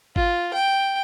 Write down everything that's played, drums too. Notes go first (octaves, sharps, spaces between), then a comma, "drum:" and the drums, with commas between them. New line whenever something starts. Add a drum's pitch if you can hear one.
F4, drum: kick G#1
G5